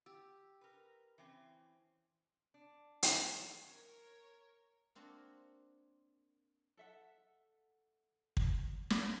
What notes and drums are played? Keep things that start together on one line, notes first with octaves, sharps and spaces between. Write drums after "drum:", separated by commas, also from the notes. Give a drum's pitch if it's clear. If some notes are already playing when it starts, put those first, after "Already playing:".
G4 E6
A#4 B4
E3 C4 C#4
D4
F3 G3, drum: hi-hat
A#4 C#5
A#3 C4 D4 F#4 C#5 F#5
A4 E5 F#5
drum: kick
drum: snare